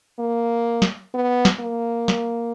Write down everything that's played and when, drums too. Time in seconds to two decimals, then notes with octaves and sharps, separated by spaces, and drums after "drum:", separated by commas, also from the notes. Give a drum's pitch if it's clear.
0.19 A#3
0.82 drum: snare
1.14 B3
1.45 drum: snare
1.60 A#3
2.08 drum: snare